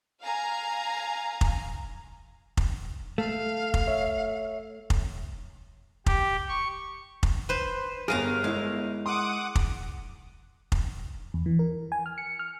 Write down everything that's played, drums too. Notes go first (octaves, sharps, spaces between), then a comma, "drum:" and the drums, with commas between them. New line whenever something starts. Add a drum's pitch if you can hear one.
F5 G#5 A#5
drum: kick F1
drum: kick F1
A3 F5
drum: kick F1
C#5 E5
drum: kick F1
G4, drum: kick F1
C#6
drum: kick F1
B4 C5
G1 G3 G#4 A#4 F5 A#5 D#7
G#3 E4 F5
F#5 C6 D6 D#6
drum: kick F1
drum: kick F1
E2
E3
A#4
G#5
F6
C#7
F6